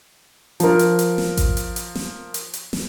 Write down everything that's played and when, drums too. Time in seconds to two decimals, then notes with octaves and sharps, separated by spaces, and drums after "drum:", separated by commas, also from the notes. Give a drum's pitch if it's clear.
0.60 F3 A#4, drum: hi-hat
0.79 drum: hi-hat
0.99 drum: hi-hat
1.18 drum: snare
1.37 drum: kick G#1, hi-hat
1.57 drum: hi-hat
1.76 drum: hi-hat
1.95 drum: snare
2.34 drum: hi-hat
2.54 drum: hi-hat
2.73 drum: snare